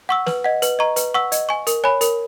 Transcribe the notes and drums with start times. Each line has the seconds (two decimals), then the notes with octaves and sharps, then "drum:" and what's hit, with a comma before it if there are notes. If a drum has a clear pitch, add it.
0.09 F#5 C#6 E6
0.27 B4, drum: snare
0.44 D#5 F#5
0.62 B4, drum: hi-hat
0.79 D#5 A#5 C#6
0.96 B4, drum: hi-hat
1.14 F#5 C#6 E6
1.32 D#5, drum: hi-hat
1.49 G#5 C#6
1.67 A#4, drum: hi-hat
1.84 C#5 G#5 B5
2.01 A#4, drum: hi-hat